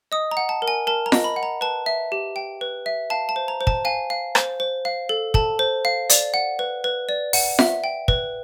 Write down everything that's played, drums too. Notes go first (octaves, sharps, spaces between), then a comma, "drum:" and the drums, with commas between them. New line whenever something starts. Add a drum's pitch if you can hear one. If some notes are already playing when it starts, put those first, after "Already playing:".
D#5 D#6
A#5
F#5
A5
A#4
G#5
A#4 A5
A#5
D#5, drum: snare F4
B5
F#5
A#5
B4 A5
E5
G4
G5
B4
E5
F5 A5
A5
C5
A#5
C5
A5, drum: kick
F5 G#5
F5
C5, drum: rim click
C5
F5
A4
A4 A5, drum: kick
C5
F5
D5, drum: hi-hat
F#5
B4
B4
D5
F#5, drum: open hi-hat
E5, drum: snare F4
G5
B4, drum: kick